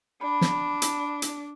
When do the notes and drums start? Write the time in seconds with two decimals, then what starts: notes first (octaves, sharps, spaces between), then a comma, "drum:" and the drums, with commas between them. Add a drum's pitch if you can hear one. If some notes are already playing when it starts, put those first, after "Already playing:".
0.21 D4 B5
0.41 drum: snare
0.82 drum: hi-hat
1.22 drum: hi-hat